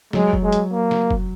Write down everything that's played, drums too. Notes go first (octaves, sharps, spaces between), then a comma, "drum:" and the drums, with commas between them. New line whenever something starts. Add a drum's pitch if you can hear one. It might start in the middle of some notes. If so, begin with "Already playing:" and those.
F#3 G#3, drum: snare
drum: kick F1
G#3
drum: hi-hat
A#3
drum: snare
drum: kick F1